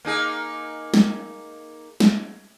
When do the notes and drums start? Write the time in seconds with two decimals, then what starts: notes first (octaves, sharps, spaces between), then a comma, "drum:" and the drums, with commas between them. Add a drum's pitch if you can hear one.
0.05 A#3 D#4 G#4
0.94 drum: snare
2.00 drum: snare